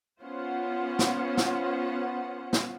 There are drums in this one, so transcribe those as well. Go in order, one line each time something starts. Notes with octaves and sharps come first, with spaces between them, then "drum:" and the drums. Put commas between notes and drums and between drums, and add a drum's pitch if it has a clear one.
B3 C#4 F4 C5 F#5
drum: snare
drum: snare
drum: snare